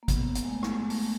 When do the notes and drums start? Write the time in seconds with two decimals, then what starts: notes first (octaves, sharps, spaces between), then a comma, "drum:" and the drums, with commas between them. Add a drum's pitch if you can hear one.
0.03 A#3
0.08 B3, drum: kick G#1, hi-hat
0.35 drum: hi-hat
0.45 G#3
0.48 A3
0.63 drum: rim click
0.90 A3, drum: open hi-hat